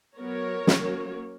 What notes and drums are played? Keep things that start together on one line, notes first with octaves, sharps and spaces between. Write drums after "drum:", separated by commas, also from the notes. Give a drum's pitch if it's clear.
F#3 B3 A#4 C#5
F#3 A#3 C#4, drum: snare